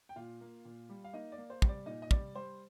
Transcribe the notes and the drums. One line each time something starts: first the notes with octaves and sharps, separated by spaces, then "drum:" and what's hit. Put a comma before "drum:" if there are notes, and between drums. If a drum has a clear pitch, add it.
G5
A#2 F4 F5
A#3
A#2
G3
F5
A#3 D#4 D#5
D5
A#3
C5
G3, drum: kick
D5
A#2 D#4 D#5
D#5
G3 D5, drum: kick
G3 C5